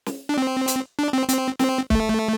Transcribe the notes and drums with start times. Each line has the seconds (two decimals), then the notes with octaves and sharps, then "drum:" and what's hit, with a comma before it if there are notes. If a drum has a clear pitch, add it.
0.06 drum: snare
0.29 D4
0.38 C4
0.68 drum: hi-hat
0.99 D4
1.13 C4
1.29 C4, drum: hi-hat
1.59 C4, drum: snare
1.90 A3, drum: kick